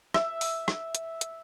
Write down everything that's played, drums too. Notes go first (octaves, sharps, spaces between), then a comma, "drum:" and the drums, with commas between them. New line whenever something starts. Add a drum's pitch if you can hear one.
E5, drum: rim click
drum: open hi-hat
drum: rim click
drum: hi-hat
drum: hi-hat